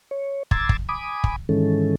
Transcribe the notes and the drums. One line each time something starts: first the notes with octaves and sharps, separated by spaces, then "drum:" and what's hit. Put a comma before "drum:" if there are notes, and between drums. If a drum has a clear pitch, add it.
C#5
A#5 C6 D6 E6 G#6 A6, drum: kick
drum: kick
G#5 B5 D6 D#6
drum: kick
G#2 D#3 E3 G#3 C#4 A4